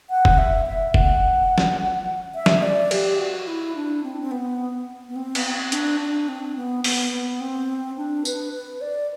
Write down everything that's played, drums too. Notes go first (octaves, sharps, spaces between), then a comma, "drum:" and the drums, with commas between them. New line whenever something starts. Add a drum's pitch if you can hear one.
F#5
drum: kick
E5
E5
F#5, drum: kick
drum: snare
E5
drum: snare
D5
G4, drum: cymbal
F#4
E4
D4
C4
C4
B3
B3
C4
B3, drum: cymbal
C4
D4, drum: hi-hat
D4
C4
B3
B3, drum: open hi-hat
B3
C4
D4
B4, drum: tambourine
B4
D5